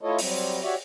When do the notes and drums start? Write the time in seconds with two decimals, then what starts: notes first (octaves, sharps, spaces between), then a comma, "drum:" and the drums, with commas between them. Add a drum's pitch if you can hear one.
0.01 A3 E4 F4 A4 C#5 D#5
0.19 F#3 G3 C4, drum: open hi-hat
0.63 F#4 G4 C#5 D5 E5